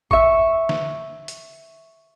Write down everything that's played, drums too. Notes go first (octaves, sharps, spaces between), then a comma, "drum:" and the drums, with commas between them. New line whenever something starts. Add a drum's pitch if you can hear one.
E5 C#6, drum: kick G#1
drum: snare
drum: hi-hat